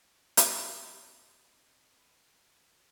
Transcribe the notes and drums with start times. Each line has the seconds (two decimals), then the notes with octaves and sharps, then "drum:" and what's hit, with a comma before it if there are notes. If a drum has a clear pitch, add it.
0.37 drum: hi-hat
0.67 C4 D#5 A#5
1.98 B5 D#7